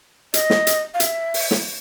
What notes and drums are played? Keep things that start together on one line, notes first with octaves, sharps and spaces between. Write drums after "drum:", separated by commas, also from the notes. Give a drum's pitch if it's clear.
D#5, drum: hi-hat
drum: snare
drum: hi-hat
F5
E5, drum: hi-hat
drum: open hi-hat
drum: snare